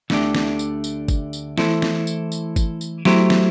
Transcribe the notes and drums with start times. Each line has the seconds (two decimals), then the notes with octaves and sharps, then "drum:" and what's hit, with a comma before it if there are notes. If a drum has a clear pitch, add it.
0.10 D2 D3 A3 D4 G4, drum: snare
0.35 drum: snare
0.59 drum: tambourine
0.84 drum: tambourine
1.08 drum: kick, tambourine
1.33 drum: tambourine
1.58 E3 A3 E4 A4 C5, drum: snare
1.82 drum: snare
2.07 drum: tambourine
2.32 drum: tambourine
2.56 drum: kick, tambourine
2.81 drum: tambourine
3.05 F#3 A3 E4 G4 C5, drum: snare
3.30 drum: snare